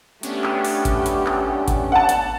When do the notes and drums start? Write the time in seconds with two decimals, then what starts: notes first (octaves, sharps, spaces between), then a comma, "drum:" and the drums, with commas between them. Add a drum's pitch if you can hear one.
0.23 A3 B3 C#4 D4 G4, drum: hi-hat
0.44 drum: clap
0.65 drum: open hi-hat
0.85 drum: kick G#1, hi-hat
1.06 drum: hi-hat
1.26 drum: clap
1.68 drum: kick G#1, hi-hat
1.92 F#5 A5
2.09 drum: hi-hat